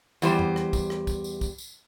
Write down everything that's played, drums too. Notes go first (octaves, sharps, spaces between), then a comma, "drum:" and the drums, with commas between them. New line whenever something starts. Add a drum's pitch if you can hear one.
E2 G3 C5, drum: tambourine
drum: tom F2
drum: rim click
drum: kick, tambourine
drum: rim click
drum: kick, tambourine
drum: tambourine
drum: kick, tambourine
drum: tambourine